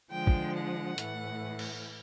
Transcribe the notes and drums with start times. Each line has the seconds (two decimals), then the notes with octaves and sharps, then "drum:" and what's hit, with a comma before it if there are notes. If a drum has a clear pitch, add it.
0.11 D3 F3 G#3 G5
0.27 drum: kick
0.55 F#5
0.98 A2 E3 A3, drum: hi-hat
1.59 drum: cymbal